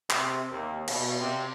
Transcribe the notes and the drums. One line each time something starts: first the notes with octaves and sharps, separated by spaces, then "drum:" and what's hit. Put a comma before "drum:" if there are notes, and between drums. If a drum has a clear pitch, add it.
C3, drum: clap
D#2
B2, drum: cymbal
C3